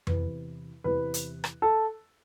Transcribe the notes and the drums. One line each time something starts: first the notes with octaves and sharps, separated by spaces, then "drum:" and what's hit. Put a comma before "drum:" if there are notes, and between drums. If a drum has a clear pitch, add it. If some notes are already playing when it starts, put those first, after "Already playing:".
E2 C3 E3 B4, drum: tom F2
E2 C3 E3 B4
drum: hi-hat
drum: rim click
A4